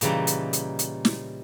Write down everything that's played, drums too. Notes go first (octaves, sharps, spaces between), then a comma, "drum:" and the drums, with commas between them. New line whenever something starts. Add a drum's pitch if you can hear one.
A#2 C#3 E3 G3 D#4, drum: hi-hat
drum: hi-hat
drum: hi-hat
drum: hi-hat
drum: snare